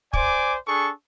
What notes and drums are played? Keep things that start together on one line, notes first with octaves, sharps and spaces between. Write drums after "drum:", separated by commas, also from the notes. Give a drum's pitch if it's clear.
C5 D5 G#5 D6, drum: kick
D4 G#4 A4 C#6